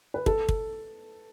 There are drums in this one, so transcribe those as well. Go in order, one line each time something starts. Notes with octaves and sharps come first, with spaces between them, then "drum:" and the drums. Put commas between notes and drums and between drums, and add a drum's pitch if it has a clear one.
B4
A4, drum: kick
drum: kick